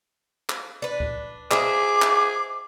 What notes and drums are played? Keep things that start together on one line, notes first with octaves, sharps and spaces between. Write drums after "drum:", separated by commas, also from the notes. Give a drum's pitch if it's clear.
drum: clap
D4 B4
drum: kick C#2
G#4 C5 D#5 E5 D6, drum: clap
drum: clap